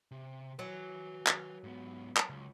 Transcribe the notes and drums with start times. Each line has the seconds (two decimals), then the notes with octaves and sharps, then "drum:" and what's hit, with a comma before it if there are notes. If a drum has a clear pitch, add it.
0.11 C3
0.59 F#3 B4 G#5
1.27 drum: clap
1.64 G#2 B3
2.17 drum: clap
2.30 C#2